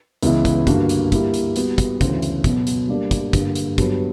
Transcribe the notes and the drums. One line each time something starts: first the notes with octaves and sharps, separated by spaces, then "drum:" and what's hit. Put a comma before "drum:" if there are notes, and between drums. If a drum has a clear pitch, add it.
C#2 C#3 E3 B3 E4, drum: hi-hat
drum: kick, hi-hat
G2 D3 A#3 D4 F#4, drum: kick, hi-hat
drum: hi-hat
G3 A#3 E4 G4, drum: kick, hi-hat
drum: hi-hat
G3 B3 F#4, drum: hi-hat
drum: kick, hi-hat
D2 C#3 E3, drum: kick, hi-hat
drum: hi-hat
B2 F#3 B3, drum: kick, hi-hat
drum: hi-hat
G3 A#3 D4 A#4 D5
drum: kick, hi-hat
G2 D3 A#3, drum: kick, hi-hat
drum: hi-hat
G2 F#3 B3 F#4 B4, drum: kick, hi-hat